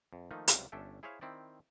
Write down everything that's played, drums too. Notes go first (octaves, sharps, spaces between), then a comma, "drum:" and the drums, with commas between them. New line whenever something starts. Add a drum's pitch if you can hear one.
F2
D#3 F3 A3 A#3 D#4
C#2 C3 F#3 G3 F5, drum: hi-hat
G1 C#4 D4 A4 E5 G5
E4 G#4 C5 C#5 E5 F5
D#3 C4 E4 D5